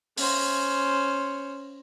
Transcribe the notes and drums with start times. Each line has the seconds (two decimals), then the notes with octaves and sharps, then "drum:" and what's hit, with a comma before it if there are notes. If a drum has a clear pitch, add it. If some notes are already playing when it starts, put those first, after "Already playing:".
0.18 C#4 C5, drum: open hi-hat